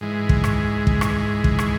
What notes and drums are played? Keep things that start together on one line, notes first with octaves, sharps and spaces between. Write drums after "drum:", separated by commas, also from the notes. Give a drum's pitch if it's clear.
G#2 E3 G#3
drum: kick
drum: rim click
drum: kick
drum: rim click
drum: kick
drum: rim click